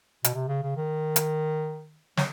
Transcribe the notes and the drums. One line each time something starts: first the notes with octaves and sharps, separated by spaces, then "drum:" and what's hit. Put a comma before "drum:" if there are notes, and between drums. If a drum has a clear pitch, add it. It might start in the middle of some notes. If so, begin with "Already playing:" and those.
B2, drum: hi-hat
C3
C#3
C#3
D#3
drum: hi-hat
F#3, drum: snare